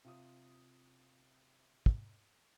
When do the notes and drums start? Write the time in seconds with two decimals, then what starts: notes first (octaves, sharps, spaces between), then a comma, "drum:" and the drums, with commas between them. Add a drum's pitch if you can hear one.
0.04 C3 F4 D#6
1.86 drum: kick